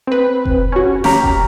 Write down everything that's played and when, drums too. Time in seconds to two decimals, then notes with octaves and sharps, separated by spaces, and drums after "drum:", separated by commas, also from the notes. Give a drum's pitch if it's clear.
0.07 C4 B4
0.45 drum: kick F1
0.72 C#4 F#4
1.04 C#4 G4 A#5, drum: snare
1.24 drum: kick F1